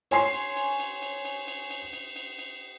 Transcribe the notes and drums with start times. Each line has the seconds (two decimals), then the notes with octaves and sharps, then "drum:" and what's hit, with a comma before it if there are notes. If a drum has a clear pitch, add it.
0.11 C#5 G#5 C6 C7, drum: cymbal
0.34 drum: cymbal
0.57 drum: cymbal
0.79 drum: cymbal
1.02 drum: cymbal
1.25 drum: cymbal
1.48 drum: cymbal
1.70 drum: cymbal
1.93 drum: cymbal
2.16 drum: cymbal
2.39 drum: cymbal